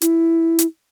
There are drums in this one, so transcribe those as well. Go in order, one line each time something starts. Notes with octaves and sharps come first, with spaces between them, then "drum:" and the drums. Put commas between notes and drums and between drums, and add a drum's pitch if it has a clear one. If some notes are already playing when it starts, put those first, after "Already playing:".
E4, drum: hi-hat
drum: hi-hat